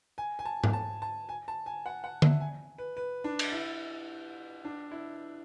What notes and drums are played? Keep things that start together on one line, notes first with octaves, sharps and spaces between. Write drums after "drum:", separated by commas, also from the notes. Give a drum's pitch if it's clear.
G#5
G#5
A5
drum: tom G#2
A5
A5
G#5
A5
G#5
F#5
F#5
E5, drum: tom D3
G#5
B4
B4
D4
drum: cymbal
E4
D4
E4